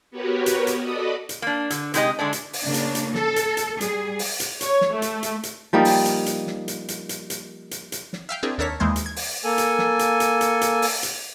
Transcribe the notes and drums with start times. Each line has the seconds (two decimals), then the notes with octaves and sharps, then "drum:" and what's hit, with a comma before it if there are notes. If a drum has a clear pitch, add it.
0.11 B3 F#4 G4 A#4 B4 C#5
0.46 drum: hi-hat
0.67 drum: hi-hat
0.79 F#4 A4 D5 D#5 B5 D#6
1.29 drum: hi-hat
1.42 A#3 D4
1.70 D3, drum: hi-hat
1.94 C3 G#3 D#4 G4 B4 D#5, drum: hi-hat
2.19 D3 G#3 A3 D4
2.33 drum: hi-hat
2.53 drum: open hi-hat
2.64 C#3 A#3 D4
2.74 drum: hi-hat
2.95 drum: hi-hat
3.15 A4, drum: snare
3.36 drum: hi-hat
3.57 drum: hi-hat
3.81 G3 G#4, drum: hi-hat
4.19 drum: open hi-hat
4.40 drum: hi-hat
4.61 C#5, drum: hi-hat
4.81 drum: snare
4.92 A3
5.02 drum: hi-hat
5.23 drum: hi-hat
5.43 drum: hi-hat
5.73 F3 G3 A#3 D#4
5.85 drum: open hi-hat
6.06 drum: hi-hat
6.26 drum: hi-hat
6.47 drum: snare
6.68 drum: hi-hat
6.88 drum: hi-hat
7.09 drum: hi-hat
7.30 drum: hi-hat
7.71 drum: hi-hat
7.92 drum: hi-hat
8.13 drum: snare
8.29 E5 F5 G5
8.43 C4 D4 E4 G#4 A#4
8.58 D#2 D4 A4 A#4 C#5 B6
8.80 D#2 E3 G#3 A#3 C5 G#6
8.96 drum: hi-hat
9.06 G#6
9.16 drum: open hi-hat
9.44 A#3 A4 G#5
9.58 drum: hi-hat
9.79 drum: snare
9.99 drum: hi-hat
10.20 drum: hi-hat
10.41 drum: hi-hat
10.61 drum: hi-hat
10.82 drum: open hi-hat
11.03 drum: hi-hat